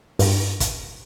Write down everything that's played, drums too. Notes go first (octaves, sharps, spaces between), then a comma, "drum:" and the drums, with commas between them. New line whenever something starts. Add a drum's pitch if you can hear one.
G2, drum: open hi-hat
drum: kick, hi-hat